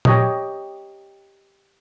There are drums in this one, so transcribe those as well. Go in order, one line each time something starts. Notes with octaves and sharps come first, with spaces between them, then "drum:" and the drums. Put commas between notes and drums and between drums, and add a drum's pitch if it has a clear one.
G4 C#5 D#5, drum: tom A#2